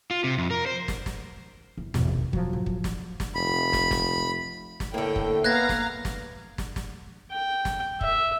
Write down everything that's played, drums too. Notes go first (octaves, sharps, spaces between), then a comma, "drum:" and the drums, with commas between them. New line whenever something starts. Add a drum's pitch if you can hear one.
F4
C3
F2
A#4
C5
drum: snare
drum: snare
E2
G#1 E2 B2, drum: snare
D#4
F3 F#3, drum: kick
C#2 A2
drum: kick
drum: snare
drum: snare
F1 B5
drum: snare
drum: snare
drum: snare
A2 D3 A#3 G5
drum: kick
A#3 B3 F5 A#5 F#6 G#6 A#6
drum: snare
drum: snare
drum: snare
drum: snare
G5
drum: snare
E5, drum: kick